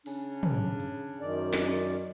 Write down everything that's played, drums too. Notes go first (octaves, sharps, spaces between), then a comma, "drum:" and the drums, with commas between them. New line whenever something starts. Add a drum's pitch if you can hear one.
C#3 C#4 D4, drum: open hi-hat
drum: tom
drum: hi-hat
F#2 D#3 D5
drum: snare
drum: hi-hat